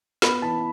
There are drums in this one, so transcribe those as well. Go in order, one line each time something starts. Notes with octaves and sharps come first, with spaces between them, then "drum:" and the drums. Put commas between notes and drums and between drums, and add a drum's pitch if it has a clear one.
B3 B5, drum: snare
E3 A5